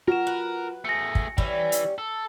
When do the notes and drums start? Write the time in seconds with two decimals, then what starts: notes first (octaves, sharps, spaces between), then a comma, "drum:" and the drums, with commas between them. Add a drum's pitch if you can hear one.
0.08 F4 F#4 A#4 E7
0.27 B4
0.85 A3 G#4 A#6 C#7
1.15 drum: kick
1.38 E3 G3 C#4, drum: kick
1.72 drum: hi-hat
1.98 A4